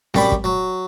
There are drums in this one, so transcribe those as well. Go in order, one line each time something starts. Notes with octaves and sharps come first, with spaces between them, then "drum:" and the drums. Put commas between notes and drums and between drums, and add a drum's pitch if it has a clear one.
F#2 G3 B5, drum: snare C4
drum: kick
F#3